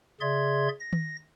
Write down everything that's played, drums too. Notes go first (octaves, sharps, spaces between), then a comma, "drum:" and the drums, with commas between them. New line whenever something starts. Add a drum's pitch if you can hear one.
C#3 G#4 D5 E5 C6 G#6
A#6
drum: tom D#3